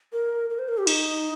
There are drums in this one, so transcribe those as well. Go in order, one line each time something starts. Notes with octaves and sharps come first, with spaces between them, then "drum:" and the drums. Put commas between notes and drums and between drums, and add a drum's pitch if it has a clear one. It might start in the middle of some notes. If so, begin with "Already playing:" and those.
A#4
A#4
C5
A#4
G4
D#4, drum: cymbal